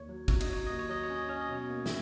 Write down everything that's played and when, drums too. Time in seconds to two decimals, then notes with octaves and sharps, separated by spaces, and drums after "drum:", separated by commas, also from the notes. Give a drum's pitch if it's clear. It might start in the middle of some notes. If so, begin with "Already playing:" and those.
Already playing: D#2 C#5
0.09 F#3
0.28 F#3 C#5, drum: kick
0.41 D#5, drum: cymbal
0.49 F#3 C#5
0.67 D#2 D#5
0.79 C#5
0.89 F#3 D#5
1.03 C#5
1.10 C#4
1.16 D#5
1.29 C#4 C#5
1.41 D#5
1.49 B2 C#5
1.70 A#3
1.86 E5, drum: snare